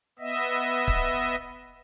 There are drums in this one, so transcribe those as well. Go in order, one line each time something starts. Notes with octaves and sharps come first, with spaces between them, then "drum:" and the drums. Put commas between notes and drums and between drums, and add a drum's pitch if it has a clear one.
B3 D#5 E5
drum: kick